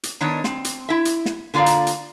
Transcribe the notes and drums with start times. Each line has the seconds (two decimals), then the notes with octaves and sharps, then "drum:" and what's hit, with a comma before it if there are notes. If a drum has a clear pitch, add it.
0.03 drum: hi-hat
0.21 D#3 B3 D4 C#5 D#5
0.44 C4, drum: snare
0.64 drum: hi-hat
0.89 E4 E5
1.05 drum: hi-hat
1.26 drum: snare
1.54 D3 A#3 F4 D5 F5 A#5
1.66 drum: hi-hat
1.87 drum: hi-hat